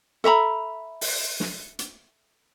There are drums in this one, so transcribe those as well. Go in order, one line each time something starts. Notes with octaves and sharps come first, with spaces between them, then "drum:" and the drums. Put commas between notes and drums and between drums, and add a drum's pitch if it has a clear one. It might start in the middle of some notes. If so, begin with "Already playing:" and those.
A4 E5 A#5 B5
drum: open hi-hat
drum: snare
drum: hi-hat